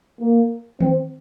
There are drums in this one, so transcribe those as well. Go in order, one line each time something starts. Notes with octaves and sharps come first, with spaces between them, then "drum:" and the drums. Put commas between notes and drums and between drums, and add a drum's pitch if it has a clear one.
A#3
C4, drum: tom D#3